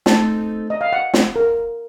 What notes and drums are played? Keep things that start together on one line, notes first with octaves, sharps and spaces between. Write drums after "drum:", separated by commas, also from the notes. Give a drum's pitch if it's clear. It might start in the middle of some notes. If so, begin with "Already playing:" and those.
A3 C4 D#4 A4 C5 A5, drum: snare
D#5
F5
F#5
drum: snare
A#4